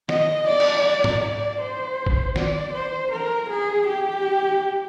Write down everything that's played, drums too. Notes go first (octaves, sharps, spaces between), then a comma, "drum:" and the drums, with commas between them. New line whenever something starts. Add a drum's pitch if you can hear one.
D#5, drum: snare
D5
drum: cymbal
drum: tom G#2
D5
C5
drum: kick G#1
D5, drum: snare
C5
A#4
G#4
G4